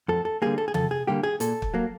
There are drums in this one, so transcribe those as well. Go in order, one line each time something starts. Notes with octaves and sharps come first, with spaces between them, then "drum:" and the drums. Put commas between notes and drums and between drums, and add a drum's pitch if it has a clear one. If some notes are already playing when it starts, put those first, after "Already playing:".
F2 A4
A4
D3 G3 A#3 G#4
A4
G#4
F2 A4, drum: tom C3
G#4
D3 G3 A#3 G4
G#4
A#2 A4, drum: hi-hat
drum: kick
F#3 A#3